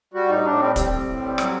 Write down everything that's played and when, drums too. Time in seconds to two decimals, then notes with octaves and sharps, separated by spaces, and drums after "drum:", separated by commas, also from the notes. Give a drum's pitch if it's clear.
0.14 G3 F#4
0.29 A2 D#4
0.44 A2 D4
0.60 G3 C4
0.76 G3 C4, drum: kick, hi-hat
0.91 A2
1.07 A2
1.22 G3
1.38 F#3, drum: rim click